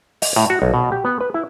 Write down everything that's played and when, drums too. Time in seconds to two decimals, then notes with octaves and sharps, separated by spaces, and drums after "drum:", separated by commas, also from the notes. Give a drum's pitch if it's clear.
0.22 D#5, drum: open hi-hat
0.36 A2
0.50 F#4
0.62 B1
0.74 B2
0.92 G4
1.05 B3
1.21 B4
1.34 E4